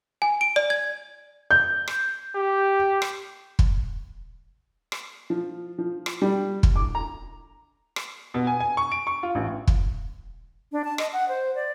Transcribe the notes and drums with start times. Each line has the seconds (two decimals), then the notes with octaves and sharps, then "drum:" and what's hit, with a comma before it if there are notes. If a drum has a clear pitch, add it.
0.22 G#5
0.41 D7
0.56 D5
0.70 G#6
1.51 G6
1.88 drum: rim click
2.35 G4
3.02 drum: rim click
3.59 drum: kick
4.92 drum: rim click
5.30 F3
5.78 F3
6.06 drum: rim click
6.22 G3
6.63 drum: kick
6.76 D6
6.95 A#5
7.96 drum: rim click
8.34 B2
8.47 G#5
8.60 G#5
8.77 C#6
8.92 D7
9.07 C#6
9.23 F4
9.35 A1
9.67 drum: kick
10.72 D4
10.84 A5
10.98 D#5, drum: rim click
11.13 F#5
11.28 C5
11.55 D5